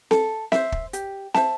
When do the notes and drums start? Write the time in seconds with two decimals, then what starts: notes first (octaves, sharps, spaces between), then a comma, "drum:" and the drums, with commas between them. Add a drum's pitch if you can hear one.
0.11 A4, drum: snare C4
0.52 C5 E5, drum: snare C4
0.72 drum: kick
0.93 G4, drum: hi-hat
1.34 C5 E5 A5, drum: snare C4